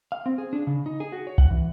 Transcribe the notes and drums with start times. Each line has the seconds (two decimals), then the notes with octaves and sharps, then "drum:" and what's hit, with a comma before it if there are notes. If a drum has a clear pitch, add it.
0.12 F5
0.26 C4
0.38 G#4
0.53 D4
0.67 C#3
0.86 D#4
1.00 G#4
1.12 F#4
1.27 C#5
1.38 F#5, drum: kick B1
1.50 E3